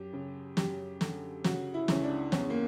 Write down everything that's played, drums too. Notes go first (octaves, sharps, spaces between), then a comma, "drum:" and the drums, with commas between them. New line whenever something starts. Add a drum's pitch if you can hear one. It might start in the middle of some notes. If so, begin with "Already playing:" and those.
Already playing: F#2 G4
C#3
F#2 G4, drum: snare
D3, drum: snare
C#3 F#4, drum: snare
E4
C#2 C#4, drum: snare
D4
E2 C#4, drum: snare
A#3